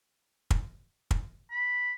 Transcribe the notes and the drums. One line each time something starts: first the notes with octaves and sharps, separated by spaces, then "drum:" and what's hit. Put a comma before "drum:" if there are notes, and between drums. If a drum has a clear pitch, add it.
drum: kick
drum: kick
B5